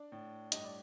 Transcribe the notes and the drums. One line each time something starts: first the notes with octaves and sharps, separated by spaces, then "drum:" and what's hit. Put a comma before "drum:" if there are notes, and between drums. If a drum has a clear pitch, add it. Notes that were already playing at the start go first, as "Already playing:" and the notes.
Already playing: D4 D5
A2
G2 D#5, drum: hi-hat
D5